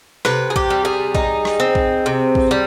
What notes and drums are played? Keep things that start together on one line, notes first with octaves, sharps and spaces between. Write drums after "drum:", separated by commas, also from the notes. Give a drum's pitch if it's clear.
C3 B4, drum: rim click
G#4
G4, drum: kick A#1
G3
G#4
D#4, drum: kick A#1
drum: rim click
C4
drum: kick A#1
C3
drum: kick A#1
G3